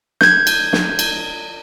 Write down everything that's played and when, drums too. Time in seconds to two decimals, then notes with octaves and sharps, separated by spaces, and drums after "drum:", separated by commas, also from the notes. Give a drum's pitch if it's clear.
0.21 G6 G#6, drum: snare
0.47 drum: cymbal
0.73 drum: snare
0.99 drum: cymbal